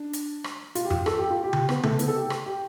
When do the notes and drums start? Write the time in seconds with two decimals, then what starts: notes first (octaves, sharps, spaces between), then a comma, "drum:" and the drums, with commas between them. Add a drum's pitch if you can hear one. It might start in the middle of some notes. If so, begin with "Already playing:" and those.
Already playing: D4
0.13 drum: hi-hat
0.44 drum: rim click
0.75 F4, drum: hi-hat
0.85 G4
0.90 F4, drum: tom F2
1.06 A4, drum: rim click
1.18 G4
1.30 F4
1.44 G4
1.53 drum: tom C#3
1.69 B3, drum: rim click
1.83 A3, drum: tom C#3
1.99 B3, drum: hi-hat
2.08 A4
2.15 G4
2.30 drum: rim click
2.46 G4